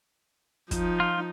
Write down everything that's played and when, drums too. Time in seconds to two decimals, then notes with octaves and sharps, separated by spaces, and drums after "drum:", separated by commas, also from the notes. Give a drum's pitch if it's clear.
0.71 F3 D#4, drum: kick, hi-hat
1.00 F4